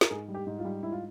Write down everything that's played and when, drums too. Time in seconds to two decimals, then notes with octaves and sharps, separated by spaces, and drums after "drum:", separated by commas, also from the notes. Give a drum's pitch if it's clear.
0.01 A#4, drum: snare
0.10 G#2 G#4
0.28 G3
0.34 G4
0.47 G#2
0.59 F4
0.65 G3
0.83 G#2 E4
0.92 F4